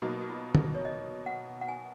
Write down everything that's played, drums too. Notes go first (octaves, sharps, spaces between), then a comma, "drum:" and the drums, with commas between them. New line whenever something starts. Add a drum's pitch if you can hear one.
B2 F#3 A#3 D#4 F#4
F#4
F4
drum: tom
C#5
D#5
F#5
F#5
G#5